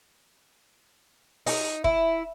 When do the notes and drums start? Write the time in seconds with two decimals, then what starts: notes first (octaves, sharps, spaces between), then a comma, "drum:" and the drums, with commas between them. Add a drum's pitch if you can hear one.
1.47 D#4, drum: open hi-hat
1.84 E4, drum: kick